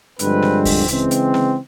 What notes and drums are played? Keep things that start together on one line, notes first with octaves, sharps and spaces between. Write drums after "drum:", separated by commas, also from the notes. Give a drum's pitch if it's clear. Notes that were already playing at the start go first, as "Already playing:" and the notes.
G2 D3 F3 G#3 C4 B4, drum: hi-hat
drum: snare
drum: kick D2, open hi-hat
C#3 E3 G#3 C4, drum: hi-hat
drum: hi-hat
drum: snare